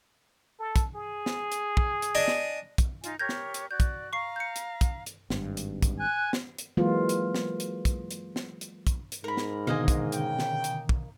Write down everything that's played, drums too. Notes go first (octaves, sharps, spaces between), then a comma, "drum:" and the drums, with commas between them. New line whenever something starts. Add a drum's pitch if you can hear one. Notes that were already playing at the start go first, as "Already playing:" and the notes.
A4
drum: kick, hi-hat
G#4
drum: snare
drum: hi-hat
drum: kick
drum: hi-hat
D4 D#5 G#5
drum: snare
drum: kick, hi-hat
D#4 F4 G#5, drum: hi-hat
G4 A#4 C#5 G6 G#6 A#6
drum: snare
drum: hi-hat
F#4 D5 G6
drum: kick, hi-hat
F5 A#5 C#6 C7
G6 C#7
drum: hi-hat
drum: kick, hi-hat
drum: hi-hat
G#1 G2, drum: snare
drum: hi-hat
drum: kick, hi-hat
G#5 F#6
drum: snare
drum: hi-hat
E3 F#3 G#3 A#3 F4
drum: hi-hat
drum: snare
drum: hi-hat
drum: kick, hi-hat
drum: hi-hat
drum: snare
drum: hi-hat
drum: kick, hi-hat
drum: hi-hat
G#2 A#4 B5
drum: snare
B2 D3 D#3 G#3 A#3 D#5 G#5
drum: kick, hi-hat
C#3 G5, drum: hi-hat
drum: snare
drum: hi-hat
drum: kick